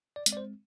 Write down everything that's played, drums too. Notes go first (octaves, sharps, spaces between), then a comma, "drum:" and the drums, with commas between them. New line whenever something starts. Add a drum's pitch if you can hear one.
D5
G#3 C4, drum: hi-hat
D5
C5